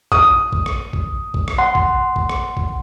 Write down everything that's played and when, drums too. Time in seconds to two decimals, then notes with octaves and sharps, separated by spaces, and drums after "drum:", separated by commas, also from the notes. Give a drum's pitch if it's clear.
0.12 D#6, drum: kick A#1
0.52 drum: kick A#1
0.66 drum: rim click
0.93 drum: kick A#1
1.34 drum: kick A#1
1.48 drum: rim click
1.58 F#5 C6
1.75 drum: kick A#1
2.16 drum: kick A#1
2.29 drum: rim click
2.57 drum: kick A#1